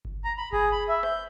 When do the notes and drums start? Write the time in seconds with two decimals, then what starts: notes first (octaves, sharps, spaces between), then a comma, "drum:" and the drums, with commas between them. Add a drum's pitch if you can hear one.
0.05 drum: kick G1
0.24 A#5
0.38 B5
0.52 G#4, drum: kick G1
0.72 B5
0.89 E5
1.03 G6, drum: rim click